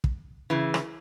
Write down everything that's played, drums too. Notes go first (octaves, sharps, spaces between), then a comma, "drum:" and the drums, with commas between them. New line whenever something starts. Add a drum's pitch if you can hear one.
drum: kick
C#3 E3
drum: rim click